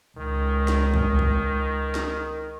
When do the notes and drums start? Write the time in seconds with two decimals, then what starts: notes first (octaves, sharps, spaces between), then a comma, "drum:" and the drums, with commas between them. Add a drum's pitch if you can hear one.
0.18 C#2 D#3
0.68 drum: snare
0.94 drum: kick
1.19 drum: kick
1.95 drum: snare